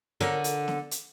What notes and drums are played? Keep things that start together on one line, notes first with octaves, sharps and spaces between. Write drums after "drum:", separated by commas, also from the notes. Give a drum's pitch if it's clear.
D3 A#4 C#5, drum: snare B3
drum: hi-hat
drum: snare B3
drum: hi-hat